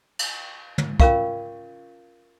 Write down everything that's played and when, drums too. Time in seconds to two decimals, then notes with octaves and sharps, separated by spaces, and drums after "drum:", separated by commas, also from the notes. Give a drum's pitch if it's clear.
0.19 drum: cymbal
0.78 drum: tom
1.00 C#4 F4 A#4 F5 C#6, drum: kick